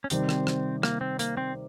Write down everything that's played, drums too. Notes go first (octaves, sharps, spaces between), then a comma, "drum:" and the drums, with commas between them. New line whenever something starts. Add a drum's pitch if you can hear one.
C#4
C3 D#3 G3 C4, drum: hi-hat
drum: rim click
drum: rim click
A#3, drum: rim click
C4
A#3, drum: hi-hat
C4